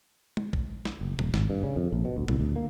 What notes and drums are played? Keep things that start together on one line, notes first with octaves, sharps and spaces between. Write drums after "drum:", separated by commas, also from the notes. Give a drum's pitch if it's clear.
drum: tom
drum: kick
drum: snare
F#1
D#1, drum: tom A#2
G#1, drum: snare
G2
C#3
F2
A#1
B2
D2
C2, drum: tom A#2
D2
A#3